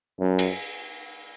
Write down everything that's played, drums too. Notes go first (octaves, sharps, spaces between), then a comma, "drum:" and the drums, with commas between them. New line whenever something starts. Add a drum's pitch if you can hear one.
F#2
drum: cymbal